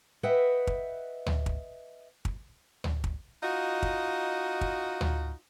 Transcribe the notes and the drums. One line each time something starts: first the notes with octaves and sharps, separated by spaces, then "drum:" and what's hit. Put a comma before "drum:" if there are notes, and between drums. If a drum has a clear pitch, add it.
B4 D#5 E5 F#5 G5
drum: kick
drum: tom D2
drum: kick
drum: kick
drum: tom D2
drum: kick
D#4 F4 F#4 D#5
drum: kick
drum: kick
drum: tom D2